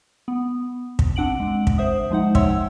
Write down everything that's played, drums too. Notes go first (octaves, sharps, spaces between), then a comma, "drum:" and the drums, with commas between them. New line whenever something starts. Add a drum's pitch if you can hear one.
B3
drum: kick
C4 D4 F#5 D7 F#7
G#3
drum: kick
C5 E5 D#6
F3 G#3 D#4 F#5
C#5 E5 G5 C6 E6, drum: kick